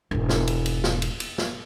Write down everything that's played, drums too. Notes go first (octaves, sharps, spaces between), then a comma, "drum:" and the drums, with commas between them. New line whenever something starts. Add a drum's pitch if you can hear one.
E1 G#2
drum: snare
drum: cymbal
drum: cymbal
drum: snare
drum: cymbal
drum: cymbal
drum: snare